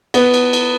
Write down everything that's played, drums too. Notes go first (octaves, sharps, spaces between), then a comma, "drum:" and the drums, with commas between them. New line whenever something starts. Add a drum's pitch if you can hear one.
B3, drum: cymbal
drum: cymbal
drum: cymbal